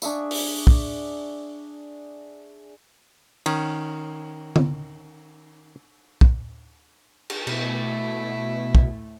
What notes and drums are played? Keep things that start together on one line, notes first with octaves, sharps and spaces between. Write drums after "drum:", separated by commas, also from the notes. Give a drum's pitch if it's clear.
D4 G#4 E5 C#6, drum: tambourine
drum: open hi-hat
drum: kick
D#3 C#4, drum: cymbal
drum: tom
drum: kick
drum: cymbal
B2 A3 E4, drum: cymbal
drum: kick